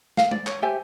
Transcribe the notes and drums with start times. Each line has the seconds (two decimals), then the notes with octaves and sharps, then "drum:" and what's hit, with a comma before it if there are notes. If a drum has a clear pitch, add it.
0.17 F5, drum: snare
0.31 D5, drum: tom G#3
0.47 C#5, drum: clap
0.62 G4 C5 E5 G#5